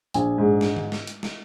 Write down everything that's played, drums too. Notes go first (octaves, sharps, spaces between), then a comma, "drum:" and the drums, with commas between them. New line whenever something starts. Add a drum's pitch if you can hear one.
A#1 G#5, drum: hi-hat
G#2
drum: snare
drum: tom D3
drum: snare
drum: hi-hat
drum: snare